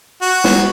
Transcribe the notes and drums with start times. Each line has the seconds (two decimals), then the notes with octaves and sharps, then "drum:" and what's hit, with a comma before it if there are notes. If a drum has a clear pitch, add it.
0.21 F#4
0.44 drum: snare